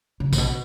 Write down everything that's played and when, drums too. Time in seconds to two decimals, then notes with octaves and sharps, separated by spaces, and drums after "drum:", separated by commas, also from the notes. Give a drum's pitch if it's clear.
0.20 C#3
0.33 A2, drum: kick, tambourine
0.38 B2